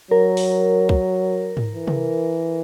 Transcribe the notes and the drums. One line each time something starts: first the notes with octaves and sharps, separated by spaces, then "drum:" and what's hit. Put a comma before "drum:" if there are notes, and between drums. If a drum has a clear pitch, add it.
F#3 A#4
drum: open hi-hat
drum: kick
drum: tom G#2
E3
drum: tom C3